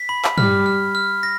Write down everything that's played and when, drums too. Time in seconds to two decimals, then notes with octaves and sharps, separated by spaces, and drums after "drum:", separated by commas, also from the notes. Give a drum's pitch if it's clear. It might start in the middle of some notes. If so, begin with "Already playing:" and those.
Already playing: B6
0.09 B5
0.24 drum: clap
0.38 G3 F6, drum: tom
0.66 F6
0.95 F6
1.23 A#6